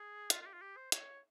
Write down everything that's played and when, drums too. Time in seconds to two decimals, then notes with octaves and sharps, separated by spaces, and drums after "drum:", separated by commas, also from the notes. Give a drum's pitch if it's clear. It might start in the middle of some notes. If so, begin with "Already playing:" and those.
Already playing: G#4
0.30 F4, drum: hi-hat
0.42 F4
0.46 G4
0.53 F4
0.61 G4
0.77 C5
0.92 C#5, drum: hi-hat